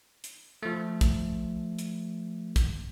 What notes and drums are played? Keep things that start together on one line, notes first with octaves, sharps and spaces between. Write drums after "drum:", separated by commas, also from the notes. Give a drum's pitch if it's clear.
drum: hi-hat
F3 A3
drum: kick, hi-hat
drum: hi-hat
drum: kick, hi-hat